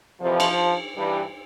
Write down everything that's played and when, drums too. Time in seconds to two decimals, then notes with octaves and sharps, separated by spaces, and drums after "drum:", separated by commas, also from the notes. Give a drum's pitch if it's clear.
0.20 F2 C3 E3 F3
0.40 drum: cymbal
0.96 G2 E3 G3